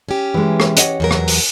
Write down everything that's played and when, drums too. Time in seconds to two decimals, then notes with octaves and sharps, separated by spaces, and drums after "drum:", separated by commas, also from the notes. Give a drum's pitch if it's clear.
0.09 C#4 G4
0.34 E3 G#3
0.60 drum: rim click
0.77 C#5 D#5 F#5, drum: hi-hat
1.00 E2 F#3 A#4
1.11 drum: rim click
1.28 drum: open hi-hat